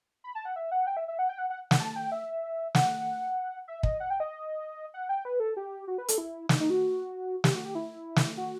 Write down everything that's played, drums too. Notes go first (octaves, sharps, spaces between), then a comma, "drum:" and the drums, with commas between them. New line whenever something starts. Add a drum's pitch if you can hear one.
B5
A5
F#5
E5
F#5
G5
E5
E5
F#5
G5
F#5
F#5
F#5, drum: snare
A5
G5
E5
F#5, drum: snare
E5
D#5, drum: kick
F#5
G5
D#5
F#5
G5
B4
A4
G4
F#4
B4
A4, drum: hi-hat
E4
D#4, drum: snare
D#4
F#4
G4, drum: snare
F#4
G4
E4
drum: snare
F#4